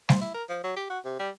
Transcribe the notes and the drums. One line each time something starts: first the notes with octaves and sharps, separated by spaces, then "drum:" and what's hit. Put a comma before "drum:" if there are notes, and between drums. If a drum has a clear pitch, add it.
C5, drum: snare G3
E4
A#4
F3
F#3
G4
F#4
C3
G3